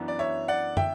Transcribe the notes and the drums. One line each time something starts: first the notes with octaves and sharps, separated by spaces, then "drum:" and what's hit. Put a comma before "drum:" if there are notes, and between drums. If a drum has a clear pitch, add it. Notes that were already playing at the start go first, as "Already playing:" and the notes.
Already playing: F#2 E3 B3 D4
D5
C#5 E5
D5 F#5
E5 G5, drum: tom